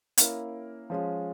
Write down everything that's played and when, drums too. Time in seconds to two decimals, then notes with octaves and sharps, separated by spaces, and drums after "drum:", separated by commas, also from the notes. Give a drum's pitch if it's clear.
0.18 A#3 C#4 E4 A#4, drum: hi-hat
0.90 F3 G#3 C#4 F4